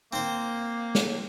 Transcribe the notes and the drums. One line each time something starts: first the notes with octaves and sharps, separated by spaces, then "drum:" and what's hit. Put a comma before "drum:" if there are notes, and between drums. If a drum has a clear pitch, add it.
A#3 C4 C5
drum: snare